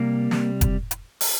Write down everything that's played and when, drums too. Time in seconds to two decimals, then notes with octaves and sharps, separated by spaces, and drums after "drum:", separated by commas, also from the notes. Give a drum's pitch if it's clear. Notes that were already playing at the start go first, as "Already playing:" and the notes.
Already playing: C3 G3 A#3
0.31 C3 G3, drum: snare
0.61 drum: kick F1, hi-hat
0.91 drum: hi-hat
1.21 drum: open hi-hat